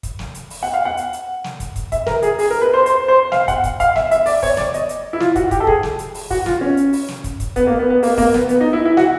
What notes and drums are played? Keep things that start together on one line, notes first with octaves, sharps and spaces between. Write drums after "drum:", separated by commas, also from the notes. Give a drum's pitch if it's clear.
drum: kick, hi-hat
drum: snare
drum: hi-hat
drum: open hi-hat
F#5
F5
F#5
drum: hi-hat
drum: hi-hat
drum: snare
drum: kick, hi-hat
drum: kick, hi-hat
E5, drum: kick, hi-hat
A#4, drum: snare
G#4, drum: hi-hat
G#4, drum: open hi-hat
A#4
B4
C5
C5, drum: hi-hat
C5
F5, drum: snare
F#5, drum: kick, hi-hat
drum: kick, hi-hat
F5, drum: kick, hi-hat
E5, drum: snare
E5, drum: hi-hat
D5, drum: open hi-hat
C#5, drum: kick, open hi-hat
D5, drum: snare
D#5, drum: hi-hat
drum: hi-hat
E4
F4, drum: snare
F#4, drum: kick, hi-hat
G4, drum: kick, hi-hat
A4
G#4, drum: kick
drum: snare
drum: hi-hat
drum: open hi-hat
F#4, drum: kick, open hi-hat
F4, drum: snare
C#4
drum: hi-hat
drum: open hi-hat
drum: snare
drum: kick, hi-hat
drum: kick, hi-hat
B3, drum: kick, hi-hat
A#3
B3
B3
A#3, drum: open hi-hat
A#3, drum: kick, open hi-hat
B3, drum: snare
B3, drum: hi-hat
D#4
E4
E4
F#4, drum: snare